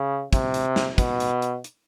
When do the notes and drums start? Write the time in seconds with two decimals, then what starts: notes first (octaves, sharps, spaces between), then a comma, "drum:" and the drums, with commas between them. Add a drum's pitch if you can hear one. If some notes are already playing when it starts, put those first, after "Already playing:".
Already playing: C#3
0.33 C3, drum: kick, hi-hat
0.54 drum: hi-hat
0.76 drum: snare
0.98 B2, drum: kick, hi-hat
1.20 drum: hi-hat
1.42 drum: hi-hat
1.64 drum: hi-hat